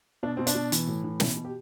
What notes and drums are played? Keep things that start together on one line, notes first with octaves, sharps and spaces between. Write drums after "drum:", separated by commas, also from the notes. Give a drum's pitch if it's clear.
B2 D4
B2 C4
D4, drum: hi-hat
B2
E3, drum: hi-hat
A2
E3
B2 E4, drum: snare
B2
G4